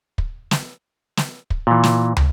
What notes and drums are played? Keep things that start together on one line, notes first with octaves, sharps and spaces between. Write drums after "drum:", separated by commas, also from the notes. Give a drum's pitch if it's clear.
drum: kick
drum: snare
drum: snare
drum: kick
A#2 E3
drum: snare
drum: tom